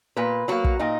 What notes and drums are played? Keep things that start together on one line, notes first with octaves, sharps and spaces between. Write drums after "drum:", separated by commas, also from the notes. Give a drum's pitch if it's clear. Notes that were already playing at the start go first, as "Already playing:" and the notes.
A#2 B4
F#3 A#3 F#4
drum: kick
A#2 D#4